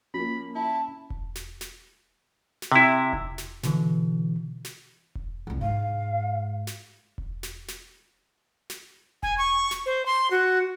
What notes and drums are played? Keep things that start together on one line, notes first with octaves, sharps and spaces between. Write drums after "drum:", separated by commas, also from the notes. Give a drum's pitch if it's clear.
F3 A#3 C#4 B5
E4 A5
drum: kick E1
drum: snare
drum: snare
drum: snare
C3 E4
drum: kick E1
drum: snare
B2 D3 E3, drum: snare
drum: snare
drum: kick E1
C2 F2
G#2 F5
drum: snare
drum: kick E1
drum: snare
drum: snare
drum: snare
G#5, drum: kick E1
C#6
drum: snare
C5
C6
F#4